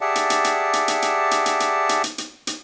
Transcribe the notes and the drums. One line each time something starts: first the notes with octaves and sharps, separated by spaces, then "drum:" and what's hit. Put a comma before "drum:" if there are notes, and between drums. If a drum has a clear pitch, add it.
G4 G#4 D5 E5 F#5 A5
drum: hi-hat
drum: hi-hat
drum: hi-hat
drum: hi-hat
drum: hi-hat
drum: hi-hat
drum: hi-hat
drum: hi-hat
drum: hi-hat
drum: hi-hat
drum: hi-hat
drum: hi-hat
drum: hi-hat